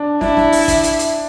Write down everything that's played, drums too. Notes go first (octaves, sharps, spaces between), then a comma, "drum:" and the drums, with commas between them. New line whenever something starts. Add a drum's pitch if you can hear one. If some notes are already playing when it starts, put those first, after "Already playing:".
Already playing: D4
D4 E4, drum: snare
drum: snare
drum: open hi-hat
drum: kick, hi-hat
drum: hi-hat
drum: hi-hat